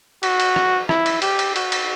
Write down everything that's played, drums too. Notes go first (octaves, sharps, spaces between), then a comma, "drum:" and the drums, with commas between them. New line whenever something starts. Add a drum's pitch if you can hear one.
F#4, drum: cymbal
drum: cymbal
drum: rim click
E4, drum: rim click
drum: cymbal
G4, drum: cymbal
drum: cymbal
F#4, drum: cymbal
drum: cymbal